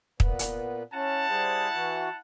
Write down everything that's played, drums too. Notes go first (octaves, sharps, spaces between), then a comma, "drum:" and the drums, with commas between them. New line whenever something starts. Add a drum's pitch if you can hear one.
A#2 B3, drum: kick
drum: hi-hat
C#4 E4 F#5 A5
G3 G#4 C5
E3 F#4